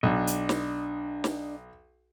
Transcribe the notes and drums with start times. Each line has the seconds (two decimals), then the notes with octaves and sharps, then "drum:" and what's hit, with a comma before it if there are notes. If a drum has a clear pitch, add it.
0.03 B1 D4 D#5
0.27 drum: hi-hat
0.49 drum: snare
1.24 drum: snare